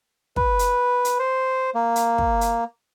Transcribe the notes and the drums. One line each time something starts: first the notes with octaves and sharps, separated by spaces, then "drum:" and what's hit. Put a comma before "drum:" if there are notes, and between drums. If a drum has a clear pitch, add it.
B4, drum: kick
drum: hi-hat
drum: hi-hat
C5
A#3
drum: hi-hat
drum: kick
drum: hi-hat